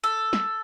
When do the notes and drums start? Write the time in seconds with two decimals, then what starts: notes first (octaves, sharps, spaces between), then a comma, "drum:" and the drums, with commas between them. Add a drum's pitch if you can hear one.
0.04 A4
0.33 drum: snare